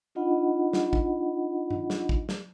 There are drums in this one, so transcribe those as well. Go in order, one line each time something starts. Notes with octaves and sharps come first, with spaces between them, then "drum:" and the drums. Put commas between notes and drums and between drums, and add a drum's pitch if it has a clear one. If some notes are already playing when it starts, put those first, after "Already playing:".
D4 D#4 F4 D#5 F#5 B5
drum: snare
drum: kick
drum: tom G2
drum: snare
drum: kick
drum: snare